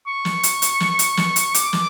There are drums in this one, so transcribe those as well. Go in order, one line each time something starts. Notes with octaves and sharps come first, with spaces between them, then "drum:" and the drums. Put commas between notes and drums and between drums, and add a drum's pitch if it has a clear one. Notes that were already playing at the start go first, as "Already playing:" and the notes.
C#6
drum: snare
drum: hi-hat
drum: hi-hat
drum: snare
drum: hi-hat
drum: snare
drum: hi-hat
D6, drum: hi-hat
drum: snare